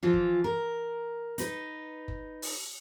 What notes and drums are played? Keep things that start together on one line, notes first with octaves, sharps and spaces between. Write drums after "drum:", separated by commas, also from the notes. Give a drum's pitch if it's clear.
E3 F3 F4
drum: kick F#1
A#4
D#4 B4, drum: hi-hat
drum: kick F#1
drum: open hi-hat